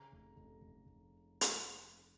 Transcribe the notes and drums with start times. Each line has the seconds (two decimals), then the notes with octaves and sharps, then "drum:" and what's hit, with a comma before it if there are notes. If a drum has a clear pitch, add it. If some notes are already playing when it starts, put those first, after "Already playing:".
Already playing: C#3 A#5
0.12 F1
0.37 F1
0.61 F1
0.86 F1
1.41 drum: hi-hat